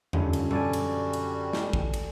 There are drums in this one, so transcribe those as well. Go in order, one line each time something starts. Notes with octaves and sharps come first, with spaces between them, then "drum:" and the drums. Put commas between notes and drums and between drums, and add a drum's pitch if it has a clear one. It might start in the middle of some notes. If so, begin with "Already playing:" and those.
F#2 D3 G3 C#4 F4, drum: tom E2
drum: cymbal
G3 F#4 A4 D5 G#5, drum: tom A#2
drum: cymbal
drum: cymbal
drum: snare
drum: kick
drum: cymbal